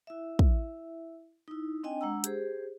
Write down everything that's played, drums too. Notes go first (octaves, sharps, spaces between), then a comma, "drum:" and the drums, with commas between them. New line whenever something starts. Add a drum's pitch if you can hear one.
E4 E5
drum: kick
D#4 E4
C4 D4 D#5 G5 G#5
G#3 D4 F#5 A#5 E6
G4 G#4 C5, drum: hi-hat